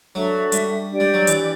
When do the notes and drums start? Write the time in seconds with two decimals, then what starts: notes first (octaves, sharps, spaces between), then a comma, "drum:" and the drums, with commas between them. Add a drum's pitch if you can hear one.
0.14 F#3 D4 F#4 A4 E5
0.52 G3, drum: hi-hat
0.90 D4 G4 D5 G5
1.00 G3
1.14 F#3
1.27 E3, drum: hi-hat